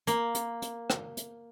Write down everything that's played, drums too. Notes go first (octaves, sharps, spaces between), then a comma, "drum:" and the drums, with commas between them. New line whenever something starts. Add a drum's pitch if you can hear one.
A#3, drum: hi-hat
drum: hi-hat
drum: hi-hat
drum: rim click
drum: hi-hat